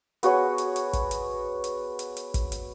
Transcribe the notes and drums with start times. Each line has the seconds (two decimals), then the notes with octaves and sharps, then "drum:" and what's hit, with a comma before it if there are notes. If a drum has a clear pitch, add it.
0.23 B3 F#4 G#4 C#5, drum: hi-hat
0.58 drum: hi-hat
0.76 drum: hi-hat
0.93 drum: kick, hi-hat
1.11 drum: hi-hat
1.64 drum: hi-hat
1.99 drum: hi-hat
2.17 drum: hi-hat
2.34 drum: kick, hi-hat
2.52 drum: hi-hat